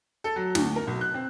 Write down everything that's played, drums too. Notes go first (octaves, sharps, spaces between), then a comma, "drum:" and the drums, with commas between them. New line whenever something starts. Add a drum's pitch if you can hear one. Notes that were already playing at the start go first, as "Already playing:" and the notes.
A4
F#3
D2, drum: snare
A#4
B1
F#6
C4